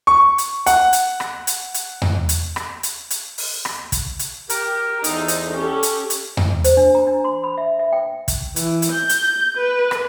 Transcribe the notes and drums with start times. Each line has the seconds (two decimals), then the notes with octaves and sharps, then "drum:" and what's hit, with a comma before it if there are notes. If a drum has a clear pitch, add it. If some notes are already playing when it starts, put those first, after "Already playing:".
0.07 C#6
0.38 drum: hi-hat
0.66 F#5, drum: hi-hat
0.93 drum: hi-hat
1.20 drum: rim click
1.47 drum: hi-hat
1.74 drum: hi-hat
2.02 drum: tom E2
2.29 drum: hi-hat
2.56 drum: rim click
2.83 drum: hi-hat
3.10 drum: hi-hat
3.38 drum: open hi-hat
3.65 drum: rim click
3.92 drum: kick, hi-hat
4.19 drum: hi-hat
4.50 G4 A#4, drum: hi-hat
5.04 E2 D#4 A4 C5, drum: hi-hat
5.28 drum: hi-hat
5.52 C#4 G4 A4
5.83 drum: hi-hat
6.10 drum: hi-hat
6.37 drum: tom E2
6.64 C5, drum: hi-hat
6.77 D4
6.95 A#5
7.07 D4
7.25 C6
7.44 B5
7.58 E5
7.79 E5
7.92 G5
8.28 drum: kick, hi-hat
8.56 E3, drum: hi-hat
8.82 drum: hi-hat
8.93 G6
9.09 drum: hi-hat
9.58 B4
9.91 drum: rim click